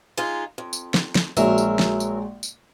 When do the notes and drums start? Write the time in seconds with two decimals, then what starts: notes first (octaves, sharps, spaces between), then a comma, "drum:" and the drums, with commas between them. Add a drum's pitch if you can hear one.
0.17 G#3 D#4 F4
0.58 F2
0.73 drum: tambourine
0.94 drum: snare
1.15 drum: snare
1.37 A#1 F#3 G#3 F#4 A#4 E5, drum: tambourine
1.58 drum: tambourine
1.79 drum: snare
2.00 drum: tambourine
2.43 drum: tambourine